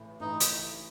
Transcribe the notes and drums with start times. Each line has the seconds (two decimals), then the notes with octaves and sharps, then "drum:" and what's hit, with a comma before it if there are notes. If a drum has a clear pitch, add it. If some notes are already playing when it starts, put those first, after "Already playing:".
Already playing: A1 A2 E3
0.20 A1 A2 E3 D#4
0.40 drum: hi-hat